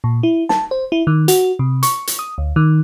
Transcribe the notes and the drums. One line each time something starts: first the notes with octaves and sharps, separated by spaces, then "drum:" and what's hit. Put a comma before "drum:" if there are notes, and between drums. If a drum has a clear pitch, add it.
A#2
E4
A5, drum: snare
C5
E4
D#3
F#4, drum: hi-hat
C3
C#6, drum: hi-hat
drum: hi-hat
D#6
D2
D#3